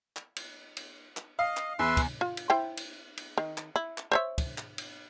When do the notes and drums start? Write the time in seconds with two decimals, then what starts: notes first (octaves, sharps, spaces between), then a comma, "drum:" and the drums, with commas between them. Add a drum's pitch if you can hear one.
0.16 drum: clap
0.36 drum: cymbal
0.77 drum: cymbal
1.17 drum: clap
1.39 D#5 F5
1.57 drum: clap
1.79 E2 B4 E5 C6
1.97 drum: kick, cymbal
2.21 F4
2.37 drum: cymbal
2.50 E4 C5 G5
2.77 drum: cymbal
3.17 drum: cymbal
3.38 D#3
3.58 drum: clap
3.76 E4
3.98 drum: clap
4.12 C5 C#5 E5
4.38 drum: kick, cymbal
4.58 drum: clap
4.78 drum: cymbal